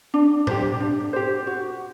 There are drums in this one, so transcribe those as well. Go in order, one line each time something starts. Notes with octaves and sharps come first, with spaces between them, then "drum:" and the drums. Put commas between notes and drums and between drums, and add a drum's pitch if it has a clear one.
D4
G4 C5, drum: tom G#2
D4
G4 C5
F#4